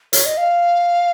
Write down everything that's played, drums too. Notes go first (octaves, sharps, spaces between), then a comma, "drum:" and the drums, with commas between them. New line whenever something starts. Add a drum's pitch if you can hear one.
C#5, drum: hi-hat
D#5
F5